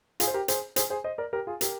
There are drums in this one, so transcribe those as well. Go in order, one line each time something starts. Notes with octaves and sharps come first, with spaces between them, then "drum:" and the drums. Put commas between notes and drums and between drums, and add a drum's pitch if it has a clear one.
F4 G#4, drum: hi-hat
C5
G4 A#4
G#4 C5, drum: hi-hat
G#4 C5, drum: hi-hat
G#4 C5
C5 D#5
A#4 D5
G4 A#4
F4 G#4
G4 A#4, drum: hi-hat